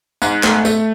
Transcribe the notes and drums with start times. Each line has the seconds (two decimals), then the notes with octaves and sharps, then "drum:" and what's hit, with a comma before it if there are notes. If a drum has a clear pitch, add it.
0.22 G#2, drum: tambourine
0.43 A3, drum: clap
0.65 A3, drum: tambourine